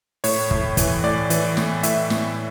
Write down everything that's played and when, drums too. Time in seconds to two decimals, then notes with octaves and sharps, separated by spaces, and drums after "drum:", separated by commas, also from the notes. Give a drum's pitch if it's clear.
0.24 A2 C#5, drum: open hi-hat
0.51 A2, drum: kick
0.77 E3, drum: kick, hi-hat
1.04 A2 D5
1.30 E3, drum: hi-hat
1.57 A2, drum: snare
1.83 A2 E5, drum: hi-hat
2.10 A2, drum: snare